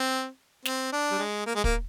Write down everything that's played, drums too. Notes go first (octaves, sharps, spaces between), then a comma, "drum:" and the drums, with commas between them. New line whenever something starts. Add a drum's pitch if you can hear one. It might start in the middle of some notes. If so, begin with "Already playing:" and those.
Already playing: C4
C4, drum: snare
D4
G3
G#3
A#3
G#3
A#3, drum: kick